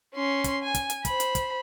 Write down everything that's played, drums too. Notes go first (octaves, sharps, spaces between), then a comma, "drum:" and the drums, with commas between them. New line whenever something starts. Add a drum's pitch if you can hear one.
C#4 C6
drum: kick, hi-hat
G#5
drum: kick, hi-hat
drum: hi-hat
C5 B5, drum: kick, hi-hat
drum: hi-hat
drum: kick, hi-hat